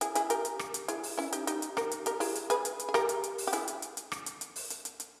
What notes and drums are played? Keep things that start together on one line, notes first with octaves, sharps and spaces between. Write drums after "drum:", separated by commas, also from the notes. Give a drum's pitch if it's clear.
E4 G#4, drum: hi-hat
E4 G#4, drum: hi-hat
G4 A#4, drum: hi-hat
drum: hi-hat
drum: rim click
drum: hi-hat
E4 G#4, drum: hi-hat
drum: open hi-hat
C#4 E4
D#4 G4, drum: hi-hat
D#4 G4, drum: hi-hat
drum: hi-hat
G4 A#4, drum: rim click
drum: hi-hat
G4 A#4, drum: hi-hat
E4 G#4, drum: open hi-hat
drum: hi-hat
G#4 B4, drum: hi-hat
drum: hi-hat
drum: hi-hat
G#4
G4 A#4, drum: rim click
drum: hi-hat
drum: hi-hat
drum: open hi-hat
G4
E4 G#4, drum: hi-hat
drum: hi-hat
drum: hi-hat
drum: hi-hat
drum: rim click
drum: hi-hat
drum: hi-hat
drum: open hi-hat
drum: hi-hat
drum: hi-hat
drum: hi-hat